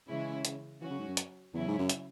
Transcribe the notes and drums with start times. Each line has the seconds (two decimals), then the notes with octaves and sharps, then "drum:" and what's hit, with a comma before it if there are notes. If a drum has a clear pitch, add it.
0.09 C#3 E3 G#3 C#4 E4
0.45 C#3, drum: hi-hat
0.81 E3 F#3 C#4 F#4
0.90 C#3
0.99 G#2
1.08 F#2
1.17 drum: hi-hat
1.53 E2 C#3 F#3 C#4 E4
1.68 G#2
1.79 F#2
1.90 drum: hi-hat